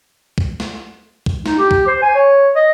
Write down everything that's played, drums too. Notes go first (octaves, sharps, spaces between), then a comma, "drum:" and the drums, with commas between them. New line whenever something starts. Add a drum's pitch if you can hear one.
drum: kick
drum: snare
drum: kick
D#4, drum: snare
G4
drum: kick
C5
G#5
C#5
D#5